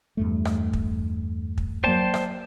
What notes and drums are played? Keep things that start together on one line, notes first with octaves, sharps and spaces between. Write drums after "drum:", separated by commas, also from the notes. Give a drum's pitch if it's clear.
E2 G2 A3
drum: rim click
drum: kick
drum: kick
F#3 A#3 C5 D5 G5 A5
drum: rim click